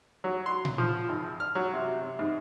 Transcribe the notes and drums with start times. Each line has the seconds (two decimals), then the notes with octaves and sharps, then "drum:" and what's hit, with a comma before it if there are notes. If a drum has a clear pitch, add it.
0.24 F#3
0.46 C6
0.65 drum: tom A#2
0.78 F3
1.09 G#1
1.40 F6
1.55 F#3
1.73 C3
2.01 C3
2.19 G#2